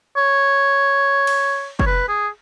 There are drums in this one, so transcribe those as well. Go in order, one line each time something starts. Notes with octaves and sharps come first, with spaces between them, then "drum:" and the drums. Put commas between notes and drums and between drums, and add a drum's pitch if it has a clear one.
C#5
drum: cymbal
C#5, drum: kick
B4
G#4